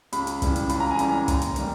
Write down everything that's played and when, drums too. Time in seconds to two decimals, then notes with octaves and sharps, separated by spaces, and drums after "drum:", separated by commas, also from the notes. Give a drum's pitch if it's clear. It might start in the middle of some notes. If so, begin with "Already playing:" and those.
0.13 C#2 B5, drum: hi-hat
0.27 drum: hi-hat
0.42 C#3 E3 G3, drum: kick, hi-hat
0.56 drum: hi-hat
0.69 C#2 B5, drum: hi-hat
0.80 A#5
0.91 G#5
0.99 C#3 E3 G3 A#5, drum: hi-hat
1.28 D#2, drum: kick, hi-hat
1.42 drum: hi-hat
1.56 D#3 G3, drum: hi-hat